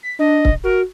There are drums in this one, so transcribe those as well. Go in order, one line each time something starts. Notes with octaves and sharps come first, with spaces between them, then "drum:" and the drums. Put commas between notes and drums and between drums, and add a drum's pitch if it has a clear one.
B6
D4 D#5
drum: kick
F#4 A#4